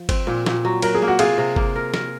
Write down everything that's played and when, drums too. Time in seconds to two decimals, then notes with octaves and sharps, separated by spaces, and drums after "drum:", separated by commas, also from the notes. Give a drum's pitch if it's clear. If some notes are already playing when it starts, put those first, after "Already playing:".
Already playing: F3
0.09 C4, drum: kick G1, cymbal
0.27 A#2
0.46 A#2, drum: snare
0.65 F#3
0.82 F#3 A#4, drum: cymbal
0.95 G#4
1.02 A#3
1.08 F#4
1.19 C3 F4 G#4, drum: cymbal
1.38 C3
1.56 A#3, drum: kick G1
1.75 A#4
1.94 A#4, drum: snare